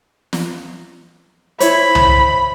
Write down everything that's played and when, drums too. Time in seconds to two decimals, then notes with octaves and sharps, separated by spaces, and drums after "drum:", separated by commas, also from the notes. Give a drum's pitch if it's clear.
0.33 drum: snare
1.60 E4 C5 C#5 B5, drum: hi-hat
1.95 drum: tom C2